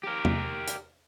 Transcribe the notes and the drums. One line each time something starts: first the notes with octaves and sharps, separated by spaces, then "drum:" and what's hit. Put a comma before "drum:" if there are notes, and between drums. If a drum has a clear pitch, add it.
G4 A#4
drum: tom
drum: hi-hat